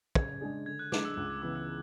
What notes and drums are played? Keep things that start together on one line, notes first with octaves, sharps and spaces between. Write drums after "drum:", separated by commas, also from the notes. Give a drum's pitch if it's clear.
C#3 G#6, drum: kick
G#3 D4 G#4
D3 G#6
F#6
G#3 D4 D6, drum: snare
E6
C#2 F#6
G#6
C#3 E3 B3 D6
E6